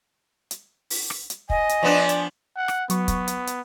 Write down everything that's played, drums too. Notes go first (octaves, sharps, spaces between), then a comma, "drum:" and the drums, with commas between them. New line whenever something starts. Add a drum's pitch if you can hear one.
drum: hi-hat
drum: open hi-hat
drum: rim click
drum: hi-hat
D#5 G#5, drum: kick
drum: hi-hat
F3 B3 D4 D5
drum: hi-hat
F#5
drum: rim click
F#3 B3 C#6, drum: hi-hat
drum: kick, hi-hat
drum: hi-hat
drum: hi-hat